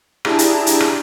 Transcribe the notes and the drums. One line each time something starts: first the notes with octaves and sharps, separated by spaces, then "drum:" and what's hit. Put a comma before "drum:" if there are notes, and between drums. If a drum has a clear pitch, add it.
D4 E4 G4 G#4 A5 A#5, drum: rim click
drum: hi-hat
drum: hi-hat
drum: rim click